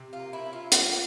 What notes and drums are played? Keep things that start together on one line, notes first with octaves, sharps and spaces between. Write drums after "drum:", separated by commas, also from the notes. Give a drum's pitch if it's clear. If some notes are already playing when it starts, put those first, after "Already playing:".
Already playing: C3
F4
A#3
E4
C#4
F4
F3, drum: hi-hat